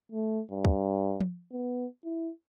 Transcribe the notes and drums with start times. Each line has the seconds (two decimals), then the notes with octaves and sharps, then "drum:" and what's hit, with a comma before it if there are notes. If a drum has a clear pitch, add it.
0.12 A3
0.51 G2
0.65 drum: kick
1.20 drum: tom F3
1.52 B3
2.04 E4